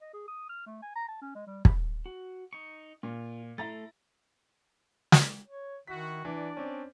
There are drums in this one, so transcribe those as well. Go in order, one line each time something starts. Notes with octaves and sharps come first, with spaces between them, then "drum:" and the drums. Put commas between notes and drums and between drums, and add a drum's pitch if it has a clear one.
D#5
G#4
D#6
F6
A3
G#5
A#5
A5
C#4
G#3
G3
B5, drum: kick
F#4
D#4 C#6
A#2 F4
A3 E4 A4 A#5 C6 A6
drum: snare
C#5
D#3 E4 F#4 B6
E3 D4 D5
C4 C#4